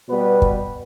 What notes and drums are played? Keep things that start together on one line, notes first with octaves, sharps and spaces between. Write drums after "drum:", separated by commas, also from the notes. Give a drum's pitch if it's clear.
B2 G3 B3 B4
drum: kick